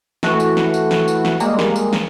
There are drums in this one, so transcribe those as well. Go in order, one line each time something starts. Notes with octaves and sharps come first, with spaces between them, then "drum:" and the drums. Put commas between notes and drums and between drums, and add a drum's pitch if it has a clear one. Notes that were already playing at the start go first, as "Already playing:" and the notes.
E3 A3 F#4, drum: snare
drum: tambourine
drum: snare
drum: tambourine
drum: snare
drum: tambourine
drum: snare
G3 G#3 A#3, drum: tambourine
drum: snare
drum: tambourine
drum: snare